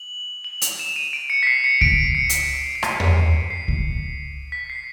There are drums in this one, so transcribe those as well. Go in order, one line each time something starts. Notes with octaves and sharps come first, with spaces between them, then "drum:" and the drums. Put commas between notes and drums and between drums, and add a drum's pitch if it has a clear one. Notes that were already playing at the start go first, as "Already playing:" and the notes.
Already playing: F#7
F#7
F7, drum: hi-hat
E7
D#7
D7
C#7
B6
C7
C#7
D7, drum: kick C#2
C#7
drum: hi-hat
C#7
C7
D7
D#7, drum: rim click
D#7, drum: tom E2
C#7
C7
drum: kick C#2
B6
C7